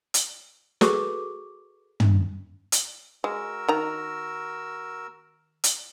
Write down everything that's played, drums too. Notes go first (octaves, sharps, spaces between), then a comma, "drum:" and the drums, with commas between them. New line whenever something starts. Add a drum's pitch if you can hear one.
drum: hi-hat
F#4 G#4 A4 B4 C#6 D6, drum: snare
drum: tom
drum: hi-hat
G#3 F#4 A#4 E6
D#3 A#5
drum: hi-hat